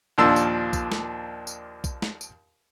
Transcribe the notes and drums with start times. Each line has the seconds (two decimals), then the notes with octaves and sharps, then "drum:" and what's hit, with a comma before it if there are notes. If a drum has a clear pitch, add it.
0.18 D#2 A#2 F3 D4 C6 E6
0.36 drum: tambourine
0.73 drum: kick, tambourine
0.92 drum: snare
1.47 drum: tambourine
1.84 drum: kick, tambourine
2.02 drum: snare
2.21 drum: tambourine